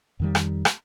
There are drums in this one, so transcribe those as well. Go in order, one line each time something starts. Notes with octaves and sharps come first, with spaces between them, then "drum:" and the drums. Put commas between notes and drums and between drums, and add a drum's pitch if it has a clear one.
F2 D#3 G3
drum: rim click
drum: rim click